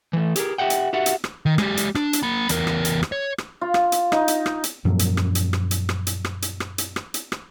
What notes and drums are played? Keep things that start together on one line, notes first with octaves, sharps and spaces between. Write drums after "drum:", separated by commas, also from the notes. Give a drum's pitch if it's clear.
E3 A3
G4 G#4 A#4, drum: hi-hat
G4 E5 F#5 G5
drum: hi-hat
F#4 G4 E5 F#5
drum: hi-hat
drum: rim click
D#3
G#3 G4, drum: rim click
drum: hi-hat
D4, drum: rim click
drum: hi-hat
A#3 B5
E2 A#4, drum: hi-hat
drum: rim click
drum: hi-hat
drum: rim click
C#5
drum: rim click
F4
drum: rim click
drum: hi-hat
D#4, drum: rim click
drum: hi-hat
drum: rim click
drum: hi-hat
F#2 A#2 F3 F#3
drum: hi-hat
drum: rim click
drum: hi-hat
drum: rim click
drum: hi-hat
drum: rim click
drum: hi-hat
drum: rim click
drum: hi-hat
drum: rim click
drum: hi-hat
drum: rim click
drum: hi-hat
drum: rim click